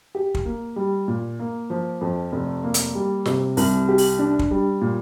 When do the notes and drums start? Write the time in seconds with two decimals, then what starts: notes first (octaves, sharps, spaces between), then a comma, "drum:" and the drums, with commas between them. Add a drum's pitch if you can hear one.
0.15 G4
0.35 drum: kick
0.45 A#3
0.76 G3
1.08 A#2
1.39 A#3
1.70 F3
2.01 F2
2.32 F1
2.64 A#3
2.74 drum: hi-hat
2.95 G3
3.26 C3, drum: snare
3.57 C2, drum: open hi-hat
3.89 G4
3.98 drum: open hi-hat
4.19 D4
4.39 drum: kick
4.51 G3
4.81 A#2